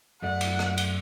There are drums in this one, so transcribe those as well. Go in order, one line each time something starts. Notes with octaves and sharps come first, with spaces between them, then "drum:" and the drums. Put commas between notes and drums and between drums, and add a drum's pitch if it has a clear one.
F#2 A3 D5 F#5
drum: cymbal
drum: rim click
drum: cymbal